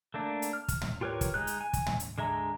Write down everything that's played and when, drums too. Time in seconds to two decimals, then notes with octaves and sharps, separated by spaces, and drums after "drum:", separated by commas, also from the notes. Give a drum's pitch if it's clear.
0.14 A3 A#3 D4
0.42 drum: hi-hat
0.53 F6
0.68 drum: kick, hi-hat
0.82 drum: tom
1.01 F4 G4 A#4 B4 C#5
1.21 drum: kick, hi-hat
1.34 G#3 D#4 F#6
1.47 drum: hi-hat
1.61 G#5
1.73 drum: kick, hi-hat
1.87 drum: tom
2.00 drum: hi-hat
2.18 D3 G#3 E5 A#5